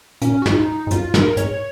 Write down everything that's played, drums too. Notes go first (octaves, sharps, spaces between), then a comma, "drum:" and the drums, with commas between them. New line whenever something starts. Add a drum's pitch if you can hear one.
A#2 C#4, drum: hi-hat
F#4
G#2, drum: snare
F4
D#4
G#2
F#2 F4, drum: hi-hat
G#2 A#4, drum: snare
G#2 C#5, drum: hi-hat